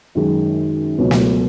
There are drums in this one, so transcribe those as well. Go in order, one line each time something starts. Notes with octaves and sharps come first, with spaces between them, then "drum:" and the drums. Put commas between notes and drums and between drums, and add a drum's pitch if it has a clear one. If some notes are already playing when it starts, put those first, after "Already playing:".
F#2 D#3 G#3
C#2 B2 F#3
drum: snare